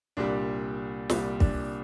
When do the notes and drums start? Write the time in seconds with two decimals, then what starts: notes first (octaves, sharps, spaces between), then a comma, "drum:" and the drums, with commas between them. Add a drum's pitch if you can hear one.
0.17 C2 A#2 G3 D4
1.10 C2 A#2 G3, drum: snare
1.40 D4, drum: kick